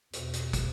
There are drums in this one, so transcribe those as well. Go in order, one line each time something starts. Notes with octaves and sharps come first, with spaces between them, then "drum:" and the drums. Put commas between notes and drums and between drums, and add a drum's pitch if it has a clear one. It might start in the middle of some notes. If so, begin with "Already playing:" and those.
E2 B2, drum: hi-hat
drum: hi-hat
drum: kick, hi-hat